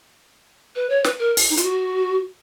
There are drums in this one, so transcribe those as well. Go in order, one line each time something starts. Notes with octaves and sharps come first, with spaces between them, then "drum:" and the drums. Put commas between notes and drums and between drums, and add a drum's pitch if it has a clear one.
B4
C#5
B4, drum: snare
A#4
drum: open hi-hat
D#4
F4, drum: hi-hat
F#4